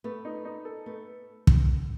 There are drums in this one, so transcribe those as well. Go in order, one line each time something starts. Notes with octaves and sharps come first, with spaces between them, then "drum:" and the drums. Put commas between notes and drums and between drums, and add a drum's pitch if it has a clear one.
A3 B3
D#4
D#4
A4
A3 B3
drum: kick